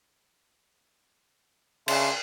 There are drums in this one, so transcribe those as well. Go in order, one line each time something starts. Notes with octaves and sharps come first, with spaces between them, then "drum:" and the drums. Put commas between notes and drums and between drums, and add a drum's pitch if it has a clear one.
C#3 D4 E5 C6, drum: cymbal